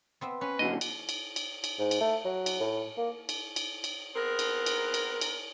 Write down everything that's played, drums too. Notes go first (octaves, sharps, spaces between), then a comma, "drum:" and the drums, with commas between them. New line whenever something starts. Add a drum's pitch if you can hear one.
B3 C4 E5
C#4 B4
A#2 D3 F#3 D#5
drum: cymbal
drum: cymbal
drum: cymbal
drum: cymbal
G#2
drum: cymbal
A3
F#3
drum: cymbal
A2
A#3
drum: cymbal
drum: cymbal
drum: cymbal
B3 C4 G#4 A#4
drum: cymbal
drum: cymbal
drum: cymbal
drum: cymbal